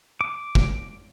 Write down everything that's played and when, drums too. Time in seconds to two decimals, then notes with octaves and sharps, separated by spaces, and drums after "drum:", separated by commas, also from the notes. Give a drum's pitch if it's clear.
0.21 D6
0.55 drum: kick